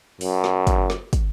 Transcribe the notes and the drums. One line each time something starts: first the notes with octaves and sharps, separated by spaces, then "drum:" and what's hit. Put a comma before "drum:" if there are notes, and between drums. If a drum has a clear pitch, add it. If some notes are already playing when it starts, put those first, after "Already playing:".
F#2, drum: open hi-hat
drum: snare
drum: kick, hi-hat
drum: snare
drum: kick, hi-hat